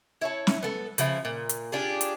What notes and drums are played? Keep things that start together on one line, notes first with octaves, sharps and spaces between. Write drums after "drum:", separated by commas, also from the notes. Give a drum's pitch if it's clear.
E4 C#5 A5
drum: snare
B3 A4
C#3 F3 E4, drum: hi-hat
A#2
drum: hi-hat
D4 F4 G4 G#4
drum: hi-hat